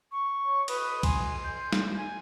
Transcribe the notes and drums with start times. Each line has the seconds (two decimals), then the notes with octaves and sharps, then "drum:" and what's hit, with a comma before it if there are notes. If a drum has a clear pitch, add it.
0.11 C#6
0.46 C#5
0.68 B4 D#6, drum: cymbal
1.03 G#5 C6, drum: kick, cymbal
1.44 G6
1.73 drum: snare
1.98 G#5